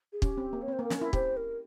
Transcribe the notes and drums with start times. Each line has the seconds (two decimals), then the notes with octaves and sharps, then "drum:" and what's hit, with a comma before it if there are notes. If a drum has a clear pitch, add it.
0.13 G#4
0.22 C#4 G4, drum: kick
0.37 C4
0.53 A#3
0.62 C#5
0.68 C4 C5
0.79 A#3 A#4
0.90 C#4, drum: snare
0.98 E4 A#4
1.13 G4 C5, drum: kick
1.37 A#4